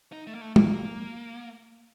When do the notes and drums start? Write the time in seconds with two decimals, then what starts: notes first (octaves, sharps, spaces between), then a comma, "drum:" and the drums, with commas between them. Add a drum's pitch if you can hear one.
0.12 D#4
0.27 A3
0.34 A#3
0.41 A3
0.56 A#3, drum: tom